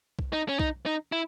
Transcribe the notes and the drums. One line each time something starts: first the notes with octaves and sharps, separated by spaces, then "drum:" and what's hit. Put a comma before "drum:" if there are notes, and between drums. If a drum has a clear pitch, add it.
drum: kick B1
D#4
C#4
D#4, drum: kick B1
D#4
E4